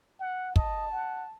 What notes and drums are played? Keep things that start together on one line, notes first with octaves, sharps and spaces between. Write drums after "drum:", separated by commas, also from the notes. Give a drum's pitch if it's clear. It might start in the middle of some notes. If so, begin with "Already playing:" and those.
F#5
D#5 A5, drum: kick
F#5